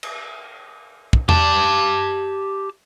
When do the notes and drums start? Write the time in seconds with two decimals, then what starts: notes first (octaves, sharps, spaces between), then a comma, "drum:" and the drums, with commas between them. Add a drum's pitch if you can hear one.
0.03 drum: cymbal
1.13 drum: kick
1.29 G4 A5, drum: tom E2